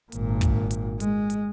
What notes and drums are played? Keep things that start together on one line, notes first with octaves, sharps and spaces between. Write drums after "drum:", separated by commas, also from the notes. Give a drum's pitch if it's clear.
G#1 A#2, drum: hi-hat
drum: kick, hi-hat
drum: hi-hat
G#3, drum: hi-hat
drum: hi-hat